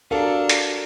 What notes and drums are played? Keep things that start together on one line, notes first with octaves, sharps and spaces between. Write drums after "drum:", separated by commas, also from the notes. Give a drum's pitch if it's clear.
D4 F#4 G4 A4 A#4 F5
drum: hi-hat